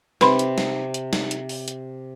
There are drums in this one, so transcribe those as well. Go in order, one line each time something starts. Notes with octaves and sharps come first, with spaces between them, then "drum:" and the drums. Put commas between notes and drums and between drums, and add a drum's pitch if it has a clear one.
C3 B4 B5 C6, drum: snare
drum: hi-hat
drum: snare
drum: hi-hat
drum: snare
drum: hi-hat
drum: open hi-hat
drum: hi-hat